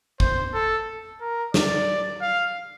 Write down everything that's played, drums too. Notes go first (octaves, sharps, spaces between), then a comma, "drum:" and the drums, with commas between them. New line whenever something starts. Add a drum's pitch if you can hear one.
C5, drum: kick
A4
A#4
D5, drum: snare
F5